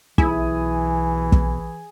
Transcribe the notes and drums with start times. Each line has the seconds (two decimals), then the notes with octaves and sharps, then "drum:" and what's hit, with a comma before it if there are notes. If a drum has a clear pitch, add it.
0.18 B1 E3 E4 G#4, drum: kick
1.32 drum: kick